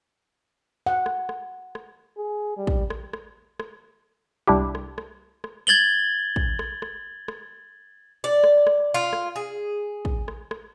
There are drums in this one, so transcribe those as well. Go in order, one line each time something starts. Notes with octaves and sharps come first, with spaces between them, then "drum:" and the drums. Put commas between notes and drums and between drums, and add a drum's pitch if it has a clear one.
F#5
drum: rim click
drum: rim click
drum: rim click
G#4
G3
drum: kick
drum: rim click
drum: rim click
drum: rim click
C2 D4 E4 G4
drum: rim click
drum: rim click
drum: rim click
G#6 A6 F#7 G7
drum: kick
drum: rim click
drum: rim click
drum: rim click
D5
drum: rim click
drum: rim click
F4
drum: rim click
G#4
drum: kick
drum: rim click
drum: rim click